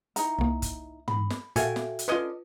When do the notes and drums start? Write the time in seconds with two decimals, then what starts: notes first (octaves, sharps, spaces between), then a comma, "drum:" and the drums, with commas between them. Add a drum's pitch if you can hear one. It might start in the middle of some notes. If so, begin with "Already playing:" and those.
0.16 D#4 E4 A#5, drum: hi-hat
0.39 C2 A#3
0.62 drum: kick F#1, hi-hat
1.08 B5, drum: tom
1.30 drum: snare
1.56 A#2 F#4 A4 E5 F5 G5 G#5, drum: hi-hat
1.76 drum: snare
1.99 drum: hi-hat
2.08 D3 C#4 F4 B4 D#5